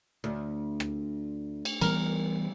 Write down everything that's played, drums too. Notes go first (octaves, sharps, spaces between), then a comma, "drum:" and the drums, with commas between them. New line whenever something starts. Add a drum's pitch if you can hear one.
D2
drum: rim click
drum: cymbal
E3 G3 B3 A#4, drum: cymbal